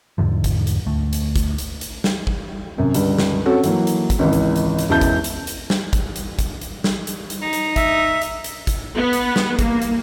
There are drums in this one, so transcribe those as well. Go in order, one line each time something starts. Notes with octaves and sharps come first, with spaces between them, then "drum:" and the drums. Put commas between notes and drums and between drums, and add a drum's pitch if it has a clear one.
E2 G#2 D3 F3
drum: kick, hi-hat
drum: hi-hat
D2 A3
drum: hi-hat
drum: kick, hi-hat
drum: hi-hat
drum: hi-hat
drum: snare
drum: kick
F#2 C3
C#2 G2 D3 G3, drum: hi-hat
drum: snare
C4 C#4 F#4 A4
E3 F#3 A#3, drum: hi-hat
drum: hi-hat
drum: kick, hi-hat
G#1 C#2 E3
drum: hi-hat
drum: hi-hat
drum: hi-hat
E1 C#2 E4 A5 G6
drum: kick, hi-hat
drum: hi-hat
drum: hi-hat
drum: snare
drum: kick, hi-hat
drum: hi-hat
drum: kick, hi-hat
drum: hi-hat
drum: snare
drum: hi-hat
drum: hi-hat
D#4
drum: hi-hat
E5, drum: kick, hi-hat
drum: hi-hat
drum: hi-hat
drum: kick, hi-hat
B3
drum: hi-hat
drum: snare
A#3, drum: kick, hi-hat
drum: hi-hat